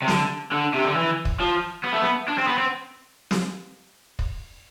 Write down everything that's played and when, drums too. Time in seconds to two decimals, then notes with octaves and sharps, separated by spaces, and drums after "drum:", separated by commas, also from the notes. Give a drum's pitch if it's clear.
0.02 C3
0.08 D3, drum: snare
0.52 D3
0.74 C3
0.85 D3
0.96 E3
1.25 drum: kick
1.40 F3
1.84 B3
1.93 A3
2.02 B3
2.28 D4
2.38 C4
2.47 B3
2.58 C4
3.31 drum: snare
4.19 drum: kick